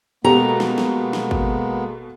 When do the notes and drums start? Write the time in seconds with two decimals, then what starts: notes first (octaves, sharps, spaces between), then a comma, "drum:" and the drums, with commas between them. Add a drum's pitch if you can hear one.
0.25 B2 G#3 A#3 B3 G4 A4 A#5
0.60 drum: snare
0.78 drum: snare
1.13 drum: snare
1.31 drum: kick G#1